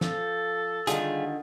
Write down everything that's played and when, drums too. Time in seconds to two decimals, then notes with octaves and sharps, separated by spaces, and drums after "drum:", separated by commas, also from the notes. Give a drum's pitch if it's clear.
0.01 F3 A4, drum: snare
0.87 D3 D#3 G3 F4 G#4, drum: hi-hat